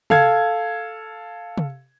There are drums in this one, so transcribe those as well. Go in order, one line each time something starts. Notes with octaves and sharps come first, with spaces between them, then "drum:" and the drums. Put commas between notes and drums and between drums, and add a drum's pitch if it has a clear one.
A4 F5 G#6, drum: tom
drum: tom C3